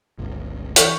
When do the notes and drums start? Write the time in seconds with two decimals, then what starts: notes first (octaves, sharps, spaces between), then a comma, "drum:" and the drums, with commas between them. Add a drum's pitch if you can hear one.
0.18 G1 C#2
0.76 E3 C#6 G6, drum: hi-hat